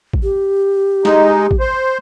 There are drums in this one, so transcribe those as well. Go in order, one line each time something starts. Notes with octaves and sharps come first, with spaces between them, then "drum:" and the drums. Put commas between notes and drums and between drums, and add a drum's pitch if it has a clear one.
drum: kick
G4
G#3 D#4, drum: snare
drum: kick
C5